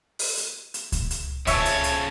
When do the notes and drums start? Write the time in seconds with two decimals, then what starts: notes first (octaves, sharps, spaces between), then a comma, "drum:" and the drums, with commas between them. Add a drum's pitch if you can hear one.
0.19 drum: open hi-hat
0.37 drum: hi-hat
0.74 drum: hi-hat
0.92 drum: kick C#2, hi-hat
1.11 drum: hi-hat
1.47 F2 C#3 C#5 E5 A5 C#6 E6, drum: kick C#2, hi-hat
1.65 drum: hi-hat
1.84 drum: hi-hat